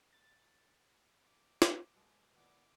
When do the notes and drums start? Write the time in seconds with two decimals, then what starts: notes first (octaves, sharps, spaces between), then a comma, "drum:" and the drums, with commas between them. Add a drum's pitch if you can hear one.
0.13 A6
1.24 D6
1.62 drum: snare
1.95 B2 G#3 A4
2.35 A#2 D#3 B3 E4 D6